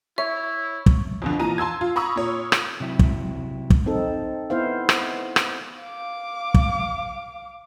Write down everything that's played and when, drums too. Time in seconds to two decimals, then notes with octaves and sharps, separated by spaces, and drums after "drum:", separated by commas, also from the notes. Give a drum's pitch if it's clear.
0.18 E4 C#5 E5
0.86 drum: kick
1.22 F2 B2 D3
1.39 A#2 E3 A5 A#5 D#7
1.58 A5 C6 E6 G#6
1.81 F4
1.96 A#5 B5 C#6 D#6 E6
2.16 A#2 C#5
2.52 drum: rim click
2.80 C3 F#3 E4
2.99 drum: kick
3.70 drum: kick
3.86 C4 D#4 A4
4.50 B3 E4 C5 F5
4.89 drum: rim click
5.36 drum: rim click
5.80 F5 D6
6.54 drum: kick